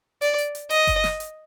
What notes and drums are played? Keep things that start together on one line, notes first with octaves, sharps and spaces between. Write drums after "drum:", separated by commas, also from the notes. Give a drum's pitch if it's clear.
D5, drum: hi-hat
drum: hi-hat
drum: hi-hat
D#5, drum: hi-hat
drum: kick F#1, hi-hat
drum: snare
drum: hi-hat